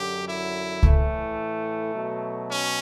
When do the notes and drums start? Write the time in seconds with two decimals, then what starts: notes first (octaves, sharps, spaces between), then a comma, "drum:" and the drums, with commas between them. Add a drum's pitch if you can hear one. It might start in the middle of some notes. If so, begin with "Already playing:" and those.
Already playing: F#2 D3 F#3 G4
0.27 E4
0.83 A2 E3 A3, drum: kick C#2
1.94 B2 F#3
2.50 C#4